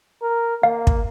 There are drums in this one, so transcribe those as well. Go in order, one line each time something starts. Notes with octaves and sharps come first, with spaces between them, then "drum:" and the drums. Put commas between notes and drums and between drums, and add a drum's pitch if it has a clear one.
A#4
A#3 F5
drum: kick